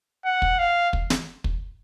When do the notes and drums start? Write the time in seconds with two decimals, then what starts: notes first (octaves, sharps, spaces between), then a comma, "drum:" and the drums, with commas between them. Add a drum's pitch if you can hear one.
0.25 F#5
0.42 drum: kick
0.59 F5
0.93 drum: kick
1.10 drum: snare
1.44 drum: kick